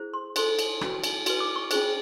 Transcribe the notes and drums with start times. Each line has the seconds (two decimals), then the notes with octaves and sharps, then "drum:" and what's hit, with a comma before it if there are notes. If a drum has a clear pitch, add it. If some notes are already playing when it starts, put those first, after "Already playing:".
Already playing: E4 G#4 C5
0.14 C6
0.36 F4 A4 C5 C6, drum: cymbal
0.59 drum: cymbal
0.81 C#4 F#4 B4, drum: rim click
1.04 drum: cymbal
1.26 F#4 B4, drum: cymbal
1.41 D6
1.56 C#6
1.71 C#4 F4 G#4 C5, drum: cymbal